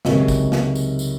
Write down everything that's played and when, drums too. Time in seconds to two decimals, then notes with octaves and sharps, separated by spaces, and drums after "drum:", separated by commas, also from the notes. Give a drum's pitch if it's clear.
0.05 C#2 C3 D#3 F#3, drum: snare
0.28 drum: kick, tambourine
0.52 drum: snare
0.75 drum: tambourine
0.99 drum: tambourine